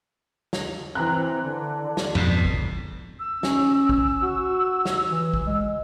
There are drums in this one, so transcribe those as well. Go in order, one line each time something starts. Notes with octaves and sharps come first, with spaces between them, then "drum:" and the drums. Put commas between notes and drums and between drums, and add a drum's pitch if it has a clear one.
drum: snare
E3 C4 A#5 F#6
D3
drum: snare
F2 G#2 B2
drum: kick
E6
C#4, drum: snare
drum: kick
F#4
drum: snare
E3
drum: kick
G#3